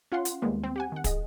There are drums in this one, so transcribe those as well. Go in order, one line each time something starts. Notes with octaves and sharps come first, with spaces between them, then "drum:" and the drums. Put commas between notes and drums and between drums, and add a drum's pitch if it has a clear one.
C#4 F4 F5 F#5 C6
drum: hi-hat
D#2 G3 G#3 A#3 B3
C4
G4 F#5 G#5
D#3 F#5
G#4 D#5, drum: kick, hi-hat